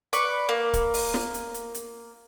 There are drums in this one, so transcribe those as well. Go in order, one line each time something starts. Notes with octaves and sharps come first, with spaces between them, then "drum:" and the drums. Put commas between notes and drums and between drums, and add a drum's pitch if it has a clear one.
B4 D5 C#6, drum: hi-hat
A#3
drum: kick D1, hi-hat
drum: open hi-hat
drum: snare
drum: hi-hat
drum: hi-hat
drum: hi-hat